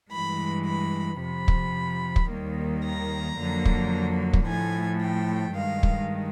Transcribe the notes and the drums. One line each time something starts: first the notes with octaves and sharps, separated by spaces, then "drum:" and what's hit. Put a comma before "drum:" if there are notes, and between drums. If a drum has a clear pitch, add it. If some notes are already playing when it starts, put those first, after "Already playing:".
G2 E3 G#3 B5
B5
F2 C3 F3 B5
drum: kick
drum: kick
D#2 D#3 G3 A#3
A#5
F2 D3 F#3 A#3
drum: kick
drum: kick
A2 F3 A3 G#5
G5
G2 D#3 G#3 F5
drum: kick